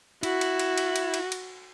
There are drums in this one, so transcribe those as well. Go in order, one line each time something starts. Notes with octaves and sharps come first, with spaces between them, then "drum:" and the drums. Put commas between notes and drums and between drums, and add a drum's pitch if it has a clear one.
E4 F#4, drum: cymbal
drum: cymbal
drum: cymbal
drum: cymbal
drum: cymbal
drum: cymbal
drum: cymbal